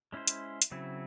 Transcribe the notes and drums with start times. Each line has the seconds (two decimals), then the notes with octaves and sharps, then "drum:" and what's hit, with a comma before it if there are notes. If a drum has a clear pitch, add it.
0.12 G#3 C#4 E4 C5
0.28 drum: hi-hat
0.62 drum: hi-hat
0.71 C#3 F#3 C4 E4